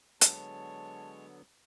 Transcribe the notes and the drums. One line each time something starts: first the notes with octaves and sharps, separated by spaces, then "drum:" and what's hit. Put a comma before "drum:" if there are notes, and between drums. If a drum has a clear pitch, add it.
D3 F#3 G#3 B3 C#5 A5, drum: hi-hat